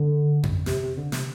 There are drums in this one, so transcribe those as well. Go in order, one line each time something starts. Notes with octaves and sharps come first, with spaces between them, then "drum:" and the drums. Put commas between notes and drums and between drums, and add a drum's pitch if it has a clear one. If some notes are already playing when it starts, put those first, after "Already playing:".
Already playing: D3
drum: tom F2
C3, drum: snare
C3
D3
C3, drum: snare